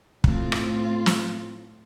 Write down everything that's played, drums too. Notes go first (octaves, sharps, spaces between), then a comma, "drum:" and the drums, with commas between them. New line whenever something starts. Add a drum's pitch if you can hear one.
A2 C4 F4, drum: kick
drum: rim click
drum: snare